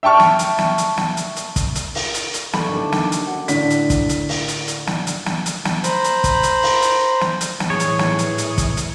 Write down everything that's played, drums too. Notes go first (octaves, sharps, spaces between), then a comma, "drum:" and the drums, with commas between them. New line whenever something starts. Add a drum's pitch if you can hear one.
E5 G5 A5 C#6 F6
drum: snare
drum: hi-hat
drum: snare
drum: hi-hat
drum: snare
drum: hi-hat
drum: hi-hat
drum: kick, hi-hat
drum: hi-hat
drum: open hi-hat
drum: hi-hat
drum: hi-hat
E2 E4 A4 D5 B5 C#6, drum: snare
D#2 D3 G4
drum: snare
drum: hi-hat
F#2 F#5
A2 D3 D4 B6, drum: hi-hat
drum: hi-hat
drum: kick, hi-hat
drum: hi-hat
drum: open hi-hat
drum: hi-hat
drum: hi-hat
drum: snare
drum: hi-hat
drum: snare
drum: hi-hat
drum: snare
C5 A#5 B5, drum: hi-hat
drum: hi-hat
drum: kick, hi-hat
drum: hi-hat
drum: open hi-hat
drum: hi-hat
drum: snare
drum: hi-hat
drum: snare
A2 E3 G#4 C#5
drum: hi-hat
drum: snare
drum: hi-hat
drum: hi-hat
drum: kick, hi-hat
drum: hi-hat